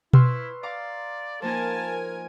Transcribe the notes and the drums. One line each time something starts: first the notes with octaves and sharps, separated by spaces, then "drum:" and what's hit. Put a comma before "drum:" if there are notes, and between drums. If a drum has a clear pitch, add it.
E4 B4 C6 C#6 E6 F6, drum: tom B2
D5 F5 A#5 D6
F3 A#3 D#4 A#4 G#5 A5